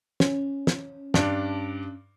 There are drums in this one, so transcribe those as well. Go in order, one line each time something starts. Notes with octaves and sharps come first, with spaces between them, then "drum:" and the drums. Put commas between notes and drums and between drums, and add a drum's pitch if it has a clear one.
C#4, drum: snare
drum: snare
G2 D4, drum: snare